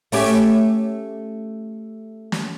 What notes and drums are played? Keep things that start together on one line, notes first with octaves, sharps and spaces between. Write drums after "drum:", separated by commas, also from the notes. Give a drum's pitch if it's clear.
A3 C#4 G4, drum: open hi-hat
drum: snare